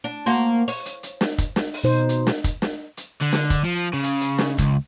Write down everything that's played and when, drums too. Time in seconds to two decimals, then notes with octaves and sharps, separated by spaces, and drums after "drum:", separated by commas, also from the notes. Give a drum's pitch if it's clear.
0.04 D4
0.26 A#3 F#4 C5
0.68 C#5, drum: open hi-hat
0.85 drum: hi-hat
1.03 drum: hi-hat
1.21 drum: snare
1.38 drum: kick, hi-hat
1.56 drum: snare
1.74 drum: open hi-hat
1.84 B2 D#4 C5
2.09 drum: hi-hat
2.27 drum: snare
2.44 drum: kick, hi-hat
2.62 drum: snare
2.97 drum: hi-hat
3.22 D3
3.33 drum: snare
3.50 drum: kick, hi-hat
3.65 F3
3.93 C#3
4.03 drum: hi-hat
4.21 drum: hi-hat
4.38 drum: snare
4.58 C#2, drum: kick, hi-hat